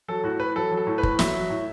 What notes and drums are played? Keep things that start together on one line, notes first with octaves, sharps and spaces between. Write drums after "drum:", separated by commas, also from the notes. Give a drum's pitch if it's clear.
F#3 A4
A2 F#4
A2 B4
F#3 A4
F#3
A4
A2
B4
A2, drum: kick
F#3 E5, drum: snare
F#3
A2